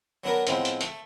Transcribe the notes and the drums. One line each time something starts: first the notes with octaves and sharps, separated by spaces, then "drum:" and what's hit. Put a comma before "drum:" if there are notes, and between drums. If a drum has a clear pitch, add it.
F#3 B3 D4 A#4 B4
A2 F3 G#3 B3 C4, drum: hi-hat
drum: hi-hat
A3, drum: hi-hat